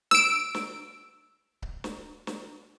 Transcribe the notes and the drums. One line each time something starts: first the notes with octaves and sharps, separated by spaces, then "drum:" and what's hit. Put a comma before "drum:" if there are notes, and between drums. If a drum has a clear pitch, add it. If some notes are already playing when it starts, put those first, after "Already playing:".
E6 D7, drum: snare
drum: snare
drum: kick C#1
drum: snare
drum: snare